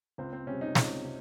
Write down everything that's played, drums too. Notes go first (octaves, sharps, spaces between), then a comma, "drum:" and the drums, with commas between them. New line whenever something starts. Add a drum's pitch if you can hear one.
C#2 C4
C4
C3 G3 C#4
D#4
C#2, drum: snare
C3